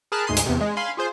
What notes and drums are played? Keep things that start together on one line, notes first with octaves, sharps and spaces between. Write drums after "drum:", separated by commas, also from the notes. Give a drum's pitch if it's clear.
G#4 A#4 A5 B5 F6 F#6
D2 G#2 G#4 C6 C7 D#7
drum: hi-hat
E2 C3
G#3
F5 G#5 B5 C6
F4 G#4 C5